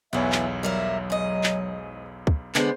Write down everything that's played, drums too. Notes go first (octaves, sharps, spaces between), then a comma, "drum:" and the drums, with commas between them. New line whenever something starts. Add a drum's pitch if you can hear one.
B1 E2 E3 B3 C#5 E5
drum: clap
F#3 G3 A#4 E5
G#2 D#5
drum: clap
drum: kick
D3 G#3 B3 C5, drum: clap